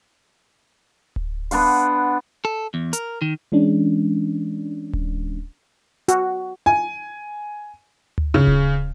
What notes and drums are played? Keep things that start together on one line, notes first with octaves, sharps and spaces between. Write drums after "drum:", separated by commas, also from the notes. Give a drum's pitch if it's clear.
drum: kick D1
B3 D4 F#5 C6, drum: open hi-hat
A4
E2
A#4, drum: hi-hat
D#3
E3 G#3 C#4 D4
drum: kick D1
F#4, drum: hi-hat
G#5
drum: tom D2
C#3
drum: kick D1